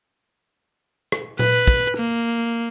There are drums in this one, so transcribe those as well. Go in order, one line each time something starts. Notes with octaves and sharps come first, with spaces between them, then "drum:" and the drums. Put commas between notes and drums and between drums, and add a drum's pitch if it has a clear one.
drum: rim click
B4, drum: tom A#2
drum: kick
A#3